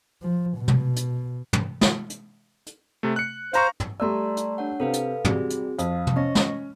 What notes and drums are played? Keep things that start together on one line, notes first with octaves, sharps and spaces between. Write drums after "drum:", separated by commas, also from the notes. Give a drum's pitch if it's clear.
F3
B2
drum: tom
drum: hi-hat
drum: tom
drum: snare
drum: hi-hat
drum: hi-hat
C3 A3
F#6 C#7
C5 F5 A#5 C#6, drum: hi-hat
drum: tom
G3 A3 D5 A#5 C6 E6
drum: hi-hat
D4 C#5 F#5
C3 A4 B4 F5
drum: hi-hat
G3 C4 F#4 G#4, drum: tom
drum: hi-hat
F2 F5 D#6, drum: hi-hat
drum: tom
C#4 D#5 C#6 A#6
drum: snare